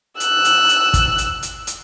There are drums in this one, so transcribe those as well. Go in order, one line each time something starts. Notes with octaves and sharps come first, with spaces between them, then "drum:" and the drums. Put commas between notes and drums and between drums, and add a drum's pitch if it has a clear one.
E6 F#6, drum: hi-hat
drum: hi-hat
drum: hi-hat
drum: kick, hi-hat
drum: hi-hat
drum: hi-hat
drum: hi-hat